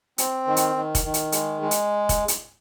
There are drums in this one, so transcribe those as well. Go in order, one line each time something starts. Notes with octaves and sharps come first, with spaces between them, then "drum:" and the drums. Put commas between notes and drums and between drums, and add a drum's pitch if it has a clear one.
C4, drum: hi-hat
D#3
drum: hi-hat
D#3
drum: kick F1, hi-hat
D#3
drum: hi-hat
G#3, drum: hi-hat
G#3
drum: hi-hat
drum: kick F1, hi-hat
drum: hi-hat